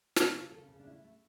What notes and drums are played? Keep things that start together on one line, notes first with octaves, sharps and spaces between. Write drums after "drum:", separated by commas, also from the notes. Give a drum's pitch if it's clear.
C#3 G4, drum: snare
C#3
C#3 A4
C#3
D4
A3 E4
A3